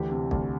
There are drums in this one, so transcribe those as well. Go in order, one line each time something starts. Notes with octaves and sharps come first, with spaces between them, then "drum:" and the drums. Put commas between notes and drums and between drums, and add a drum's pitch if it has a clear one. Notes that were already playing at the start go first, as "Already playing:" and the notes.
Already playing: D2 E3 G4
C3
D2, drum: kick